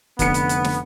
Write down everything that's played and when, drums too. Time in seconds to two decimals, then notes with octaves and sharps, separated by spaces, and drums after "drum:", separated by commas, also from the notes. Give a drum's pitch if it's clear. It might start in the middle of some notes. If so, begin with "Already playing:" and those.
0.19 F1 D3 B3 C#7, drum: kick, hi-hat
0.34 drum: hi-hat
0.49 drum: hi-hat
0.64 drum: snare